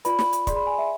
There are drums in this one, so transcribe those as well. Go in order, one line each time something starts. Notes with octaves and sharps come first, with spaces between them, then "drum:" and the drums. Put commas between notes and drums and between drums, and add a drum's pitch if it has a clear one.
F4 B4 D5 B5, drum: hi-hat
B5, drum: snare
drum: hi-hat
G#4 D5 C6, drum: kick, hi-hat
B5
G#5
E5